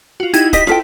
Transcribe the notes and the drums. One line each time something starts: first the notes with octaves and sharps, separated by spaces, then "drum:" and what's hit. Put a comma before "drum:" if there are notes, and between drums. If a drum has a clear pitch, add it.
F4 F#4
D#4 E4 G4 G#6, drum: hi-hat
G4 D#5 B6, drum: kick, hi-hat
F4 A4 G5, drum: snare